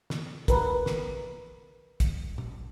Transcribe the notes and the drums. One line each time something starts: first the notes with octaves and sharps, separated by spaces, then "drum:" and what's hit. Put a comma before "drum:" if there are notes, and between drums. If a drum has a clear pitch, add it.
drum: snare
A#4 B4, drum: kick, hi-hat
drum: snare
drum: kick, hi-hat
drum: tom